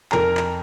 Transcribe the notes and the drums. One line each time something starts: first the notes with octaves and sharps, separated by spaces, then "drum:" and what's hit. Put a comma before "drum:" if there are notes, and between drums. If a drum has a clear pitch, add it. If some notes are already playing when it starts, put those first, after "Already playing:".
F2 A#4 A#5, drum: clap
drum: clap